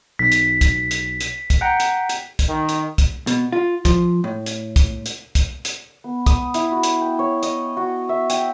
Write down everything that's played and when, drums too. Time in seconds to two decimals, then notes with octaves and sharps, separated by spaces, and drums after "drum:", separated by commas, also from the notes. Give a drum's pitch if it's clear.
0.19 B1 B6
0.32 drum: hi-hat
0.61 drum: kick, hi-hat
0.91 drum: hi-hat
1.21 drum: hi-hat
1.50 drum: kick, hi-hat
1.61 F#5 G5 A#5
1.80 drum: hi-hat
2.09 drum: hi-hat
2.39 drum: kick, hi-hat
2.49 D#3
2.69 drum: hi-hat
2.98 drum: kick, hi-hat
3.27 B2, drum: hi-hat
3.52 F4
3.85 F3, drum: kick, hi-hat
4.24 A2
4.46 drum: hi-hat
4.76 drum: kick, hi-hat
5.06 drum: hi-hat
5.35 drum: kick, hi-hat
5.65 drum: hi-hat
6.04 B3
6.26 D#6, drum: kick, hi-hat
6.54 E4, drum: hi-hat
6.72 F#4
6.83 drum: hi-hat
7.01 G5
7.19 C#5
7.43 D#5, drum: hi-hat
7.77 F#4
8.09 E5
8.30 G5, drum: hi-hat